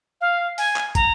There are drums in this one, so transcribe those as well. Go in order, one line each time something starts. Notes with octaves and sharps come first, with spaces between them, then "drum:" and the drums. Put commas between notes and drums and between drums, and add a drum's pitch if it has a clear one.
F5
G#5, drum: open hi-hat
drum: clap
A#5, drum: kick, hi-hat